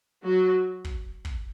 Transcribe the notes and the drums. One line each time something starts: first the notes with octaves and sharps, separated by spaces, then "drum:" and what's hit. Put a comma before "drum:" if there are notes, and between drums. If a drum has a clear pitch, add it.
F#3 F#4
drum: kick
drum: kick